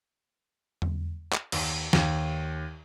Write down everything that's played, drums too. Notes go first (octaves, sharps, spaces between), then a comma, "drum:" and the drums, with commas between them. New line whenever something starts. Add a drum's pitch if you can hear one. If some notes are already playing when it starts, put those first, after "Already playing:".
drum: tom E2
drum: clap
D#2, drum: cymbal
D#2, drum: snare